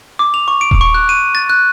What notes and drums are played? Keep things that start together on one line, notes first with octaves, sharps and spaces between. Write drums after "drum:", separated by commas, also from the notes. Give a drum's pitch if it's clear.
D6
F7
C#6
D7
drum: kick D#1
C#6
F#6
D#7
A6
F#6